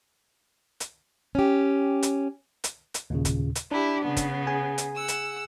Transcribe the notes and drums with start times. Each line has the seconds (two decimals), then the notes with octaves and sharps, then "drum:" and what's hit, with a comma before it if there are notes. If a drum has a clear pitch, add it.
0.80 drum: hi-hat
1.35 C#4 G4
2.03 drum: hi-hat
2.64 drum: hi-hat
2.94 drum: hi-hat
3.10 D#2 A#2 C#3
3.25 drum: kick, hi-hat
3.55 drum: hi-hat
3.72 D4 E4 G4
4.03 C#3 B3
4.17 drum: kick, hi-hat
4.47 G#4 G#5
4.78 drum: hi-hat
4.97 F#5 E6
5.08 drum: hi-hat